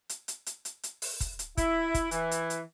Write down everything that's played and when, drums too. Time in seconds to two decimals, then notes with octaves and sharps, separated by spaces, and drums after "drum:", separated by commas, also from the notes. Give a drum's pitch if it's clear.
0.09 drum: hi-hat
0.28 drum: hi-hat
0.46 drum: hi-hat
0.65 drum: hi-hat
0.83 drum: hi-hat
1.02 drum: open hi-hat
1.20 drum: kick, hi-hat
1.39 drum: hi-hat
1.57 E4, drum: kick, hi-hat
1.94 drum: kick, hi-hat
2.11 E3, drum: hi-hat
2.31 drum: hi-hat
2.50 drum: hi-hat